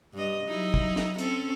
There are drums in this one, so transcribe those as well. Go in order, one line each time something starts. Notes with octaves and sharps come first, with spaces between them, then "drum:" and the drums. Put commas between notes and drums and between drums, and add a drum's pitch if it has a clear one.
G2 D#5
F#3 D#4 E4
drum: kick
drum: snare
C4 C#4 A4, drum: hi-hat